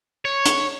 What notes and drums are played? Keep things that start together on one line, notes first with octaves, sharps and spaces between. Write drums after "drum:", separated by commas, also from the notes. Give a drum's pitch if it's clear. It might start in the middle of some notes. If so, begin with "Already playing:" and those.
C#5
drum: hi-hat